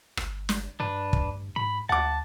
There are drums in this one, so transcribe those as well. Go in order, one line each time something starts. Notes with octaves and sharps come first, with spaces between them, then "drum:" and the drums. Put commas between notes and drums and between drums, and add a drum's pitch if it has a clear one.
G1, drum: rim click
drum: snare
G2 D4 B4
drum: kick
G#2 B5
D2 F#5 A5 D6